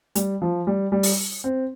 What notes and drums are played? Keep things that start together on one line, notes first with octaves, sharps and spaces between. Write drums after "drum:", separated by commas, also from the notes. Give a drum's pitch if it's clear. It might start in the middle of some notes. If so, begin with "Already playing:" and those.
G3, drum: hi-hat
F3
G3
G3
drum: open hi-hat
C4